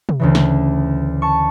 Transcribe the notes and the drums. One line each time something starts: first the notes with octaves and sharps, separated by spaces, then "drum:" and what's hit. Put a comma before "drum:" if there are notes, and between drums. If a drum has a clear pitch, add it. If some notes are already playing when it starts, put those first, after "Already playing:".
drum: tom
D2 C#3 E3
drum: snare
A5 C#6